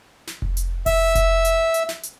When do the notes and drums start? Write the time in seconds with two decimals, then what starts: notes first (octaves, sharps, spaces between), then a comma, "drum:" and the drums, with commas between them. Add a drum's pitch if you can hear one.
0.27 drum: snare
0.42 drum: kick F1
0.57 drum: hi-hat
0.86 E5, drum: kick F1, open hi-hat
1.15 drum: kick F1, hi-hat
1.45 drum: hi-hat
1.74 drum: hi-hat
1.89 drum: snare
2.03 drum: hi-hat